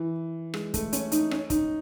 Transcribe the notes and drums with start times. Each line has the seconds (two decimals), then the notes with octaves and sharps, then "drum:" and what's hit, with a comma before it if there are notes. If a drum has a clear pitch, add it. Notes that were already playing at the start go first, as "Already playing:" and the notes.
Already playing: E3
0.54 G#3, drum: rim click
0.74 A3, drum: kick, hi-hat
0.93 C#4, drum: hi-hat
1.12 D#4, drum: hi-hat
1.31 C#4, drum: rim click
1.50 D#4, drum: kick, hi-hat